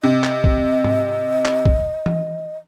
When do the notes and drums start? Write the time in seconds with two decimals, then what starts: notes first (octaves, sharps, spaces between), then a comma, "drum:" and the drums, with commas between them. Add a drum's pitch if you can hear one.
0.03 C3 D#5
0.24 drum: clap
0.44 drum: kick
0.84 drum: tom G#2
1.45 drum: clap
1.65 drum: kick
2.06 drum: tom E3